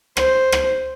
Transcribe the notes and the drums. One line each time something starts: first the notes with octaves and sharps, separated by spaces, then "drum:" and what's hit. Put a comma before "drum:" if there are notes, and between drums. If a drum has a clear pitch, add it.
C5, drum: rim click
drum: rim click